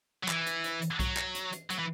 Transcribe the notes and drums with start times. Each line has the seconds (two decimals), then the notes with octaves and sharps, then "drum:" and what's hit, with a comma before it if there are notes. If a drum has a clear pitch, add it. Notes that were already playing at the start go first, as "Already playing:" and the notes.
0.23 F#3
0.28 E3, drum: clap
0.46 drum: hi-hat
0.64 drum: hi-hat
0.82 drum: hi-hat
1.00 F#3, drum: kick B1, hi-hat
1.17 drum: clap
1.35 drum: hi-hat
1.52 drum: hi-hat
1.70 F#3, drum: hi-hat
1.79 E3